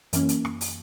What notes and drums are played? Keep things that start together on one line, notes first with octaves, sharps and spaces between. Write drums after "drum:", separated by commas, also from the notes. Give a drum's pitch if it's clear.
F#2 E3 A#3 C#4, drum: hi-hat
drum: hi-hat
drum: rim click
drum: open hi-hat